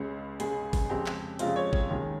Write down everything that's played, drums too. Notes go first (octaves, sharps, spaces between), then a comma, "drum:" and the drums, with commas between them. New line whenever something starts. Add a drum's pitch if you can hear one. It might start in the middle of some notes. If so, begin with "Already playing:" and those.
Already playing: C#2 C#3 G#3
C#2 C#3 G#3 G#4, drum: hi-hat
drum: kick G#1, open hi-hat
F2 C#3 G#3 C4 G4
drum: clap
F2 C#3 G#3 C4 F4, drum: hi-hat
C#5
drum: kick G#1
D#2 D#3 G#3 C#4